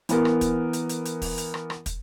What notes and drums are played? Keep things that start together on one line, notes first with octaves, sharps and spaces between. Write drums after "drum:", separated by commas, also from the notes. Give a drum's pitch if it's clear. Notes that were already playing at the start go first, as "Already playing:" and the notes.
E3 B3 A#4, drum: hi-hat
drum: rim click
drum: kick, hi-hat
drum: hi-hat
drum: hi-hat
drum: hi-hat
drum: kick, open hi-hat
drum: hi-hat
drum: rim click
drum: rim click
drum: kick, hi-hat